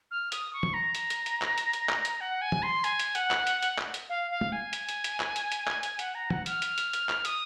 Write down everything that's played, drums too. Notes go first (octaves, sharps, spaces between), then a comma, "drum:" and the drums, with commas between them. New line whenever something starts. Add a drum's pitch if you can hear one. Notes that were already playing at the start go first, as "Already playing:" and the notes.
F6
D#6, drum: hi-hat
C#6
drum: tom
A#5
drum: hi-hat
drum: hi-hat
drum: hi-hat
drum: clap
drum: hi-hat
drum: hi-hat
drum: clap
drum: hi-hat
F#5
G#5
drum: tom
C6
G#5, drum: hi-hat
drum: hi-hat
F#5, drum: hi-hat
drum: clap
drum: hi-hat
drum: hi-hat
drum: clap
drum: hi-hat
F5
F5
drum: tom
G#5
drum: hi-hat
drum: hi-hat
drum: hi-hat
drum: clap
drum: hi-hat
drum: hi-hat
drum: clap
drum: hi-hat
F#5, drum: hi-hat
A#5
F#5, drum: tom
F6, drum: hi-hat
drum: hi-hat
drum: hi-hat
drum: hi-hat
drum: clap
D#6, drum: hi-hat